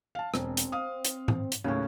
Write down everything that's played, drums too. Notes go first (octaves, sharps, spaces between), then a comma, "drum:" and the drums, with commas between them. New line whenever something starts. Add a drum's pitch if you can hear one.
F5 A5
E1 C4, drum: rim click
drum: hi-hat
F5 D#6
drum: hi-hat
drum: tom G#2
drum: hi-hat
D#2 A2 C#3 C#4